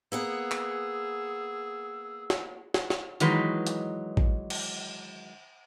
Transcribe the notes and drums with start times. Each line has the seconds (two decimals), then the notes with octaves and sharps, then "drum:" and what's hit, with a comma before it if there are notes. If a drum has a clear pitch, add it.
0.12 A#3 B3 G#4 F#5 E6
0.51 drum: clap
2.30 drum: snare
2.74 drum: snare
2.90 drum: snare
3.20 D#3 E3 F#3 G#3 D#4 B4, drum: hi-hat
3.67 drum: hi-hat
4.17 drum: kick
4.50 drum: cymbal